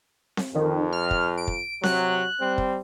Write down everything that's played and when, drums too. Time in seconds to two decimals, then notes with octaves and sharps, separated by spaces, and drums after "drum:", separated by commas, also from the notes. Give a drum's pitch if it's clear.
0.37 drum: snare C4
0.55 F2 D#3
0.92 F6
1.11 drum: kick
1.37 D7
1.48 drum: kick
1.83 C3 F#3 F#6, drum: snare C4
2.41 G3 C4
2.58 drum: kick